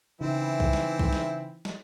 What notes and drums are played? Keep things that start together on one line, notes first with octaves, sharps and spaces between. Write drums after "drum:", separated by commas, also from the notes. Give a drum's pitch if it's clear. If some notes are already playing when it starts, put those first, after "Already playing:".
C#3 E3 C4 D#4 E4
drum: kick C2
drum: snare
drum: kick C2
drum: snare
drum: snare